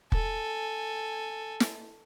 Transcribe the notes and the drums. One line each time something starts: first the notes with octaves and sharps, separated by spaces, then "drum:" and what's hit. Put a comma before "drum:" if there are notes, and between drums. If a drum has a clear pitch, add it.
A4 G#5, drum: kick
drum: snare